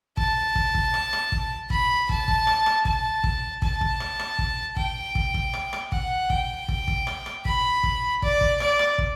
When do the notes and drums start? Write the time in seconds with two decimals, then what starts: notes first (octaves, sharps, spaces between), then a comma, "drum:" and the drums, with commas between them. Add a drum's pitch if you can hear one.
0.17 A5, drum: kick
0.55 drum: kick
0.75 drum: kick
0.94 drum: rim click
1.13 drum: rim click
1.32 drum: kick
1.70 B5, drum: kick
2.09 A5, drum: kick
2.28 drum: kick
2.47 drum: rim click
2.66 drum: rim click
2.85 A5, drum: kick
3.24 drum: kick
3.62 A5, drum: kick
3.81 drum: kick
4.00 drum: rim click
4.19 drum: rim click
4.39 drum: kick
4.76 G5, drum: kick
5.15 drum: kick
5.34 drum: kick
5.54 drum: rim click
5.73 drum: rim click
5.92 F#5, drum: kick
6.30 G5, drum: kick
6.68 drum: kick
6.88 drum: kick
7.07 drum: rim click
7.26 drum: rim click
7.45 B5, drum: kick
7.83 drum: kick
8.22 D5, drum: kick
8.41 drum: kick
8.60 D5, drum: rim click
8.79 drum: rim click
8.98 drum: kick